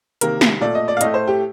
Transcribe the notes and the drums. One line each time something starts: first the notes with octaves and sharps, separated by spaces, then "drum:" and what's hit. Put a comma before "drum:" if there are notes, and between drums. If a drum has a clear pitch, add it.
C3 D#3 A#3 A#4, drum: hi-hat
drum: snare
A#2 A3 D5
D#5
D5
F5
A2 A3 D#5, drum: hi-hat
C5
G4